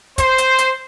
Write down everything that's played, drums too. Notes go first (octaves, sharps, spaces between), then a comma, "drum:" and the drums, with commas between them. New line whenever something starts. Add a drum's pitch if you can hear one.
C5, drum: kick, hi-hat
drum: hi-hat
drum: hi-hat